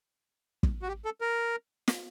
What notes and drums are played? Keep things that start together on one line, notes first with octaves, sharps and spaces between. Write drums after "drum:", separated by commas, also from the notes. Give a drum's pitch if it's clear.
drum: kick
F#4
G4
A4
A#4
drum: snare